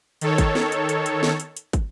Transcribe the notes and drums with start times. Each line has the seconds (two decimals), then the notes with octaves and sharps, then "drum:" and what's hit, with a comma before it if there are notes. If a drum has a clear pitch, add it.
0.21 D#3 A4 C#5, drum: hi-hat
0.38 drum: kick, hi-hat
0.55 drum: snare
0.72 drum: hi-hat
0.89 drum: hi-hat
1.06 drum: hi-hat
1.23 drum: snare
1.40 drum: hi-hat
1.57 drum: hi-hat
1.73 drum: kick, hi-hat